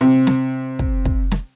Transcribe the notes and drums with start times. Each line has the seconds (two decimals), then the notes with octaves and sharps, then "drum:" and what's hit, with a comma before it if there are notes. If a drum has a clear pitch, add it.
0.01 C3
0.27 drum: snare
0.79 drum: kick
1.05 drum: kick
1.31 drum: snare